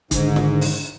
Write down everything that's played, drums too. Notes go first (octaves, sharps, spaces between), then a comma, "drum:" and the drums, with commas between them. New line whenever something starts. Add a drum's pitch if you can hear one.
G#2 D3 D#3, drum: kick, hi-hat
drum: snare
drum: open hi-hat